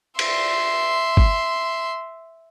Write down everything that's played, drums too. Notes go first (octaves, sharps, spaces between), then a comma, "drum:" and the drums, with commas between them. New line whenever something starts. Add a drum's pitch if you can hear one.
E5 C6, drum: cymbal
drum: kick